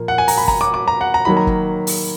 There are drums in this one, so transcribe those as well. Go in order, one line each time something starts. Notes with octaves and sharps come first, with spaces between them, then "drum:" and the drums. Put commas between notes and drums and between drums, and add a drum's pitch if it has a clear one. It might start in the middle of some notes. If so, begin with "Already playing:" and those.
Already playing: A#2 F3 A#3
F#5
G#5
A#5, drum: open hi-hat
B5
A#5, drum: kick
D6
D6
A#5
F#5
A#5
D#3 F#3 A#3 B5
A#5
drum: kick
drum: open hi-hat